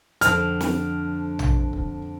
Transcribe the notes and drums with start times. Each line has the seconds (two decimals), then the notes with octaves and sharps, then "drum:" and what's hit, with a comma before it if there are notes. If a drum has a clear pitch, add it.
0.21 F2 D3 F6, drum: hi-hat
0.60 drum: snare
1.39 drum: tom A#1
1.73 drum: kick C#1